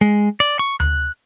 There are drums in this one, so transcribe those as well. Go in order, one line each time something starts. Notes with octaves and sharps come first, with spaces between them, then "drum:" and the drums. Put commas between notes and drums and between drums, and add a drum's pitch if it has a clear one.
G#3
D5
C#6
F#6, drum: tom D2